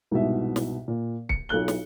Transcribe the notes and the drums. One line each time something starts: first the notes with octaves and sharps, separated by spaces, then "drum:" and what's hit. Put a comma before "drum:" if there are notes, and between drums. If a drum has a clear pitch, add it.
C2 G#2 B2 E5
drum: snare
A#2
C#7, drum: kick C#1
B1 F4 A4 F#6 G7
drum: snare